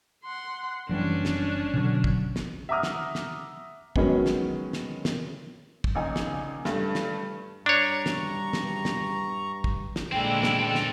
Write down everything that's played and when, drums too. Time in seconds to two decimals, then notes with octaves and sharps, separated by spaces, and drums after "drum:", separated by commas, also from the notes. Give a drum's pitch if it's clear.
0.24 F#5 C6
0.89 F#1 E3 G3 C#4 D4
1.25 drum: snare
1.73 B2 D3 F#3
2.04 drum: kick
2.36 drum: snare
2.69 E5 F#5 A#5 D6 D#6 F6
2.83 drum: snare
3.15 drum: snare
3.96 D#3 F#3 G#3 B3 C#4 C#5, drum: kick
4.26 drum: snare
4.73 drum: snare
5.05 drum: snare
5.84 drum: kick
5.95 A#1 C#3 D#4 G#5
6.16 drum: snare
6.65 G2 A3, drum: snare
6.95 drum: snare
7.66 G2 D4 C#5 A#5 C#6
8.06 drum: snare
8.53 drum: snare
8.85 drum: snare
9.64 drum: kick
9.96 drum: snare
10.12 A#2 D3 G#3 C4 E4 G5
10.43 drum: snare
10.58 C4 A4
10.75 drum: snare